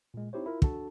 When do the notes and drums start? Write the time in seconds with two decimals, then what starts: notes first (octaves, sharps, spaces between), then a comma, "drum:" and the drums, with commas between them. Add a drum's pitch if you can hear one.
0.14 A#2 G#3
0.33 C4 D#4 E4 G4 C5 C#5
0.46 E4 F4 A#4
0.62 D4 F#4 A4 A5, drum: kick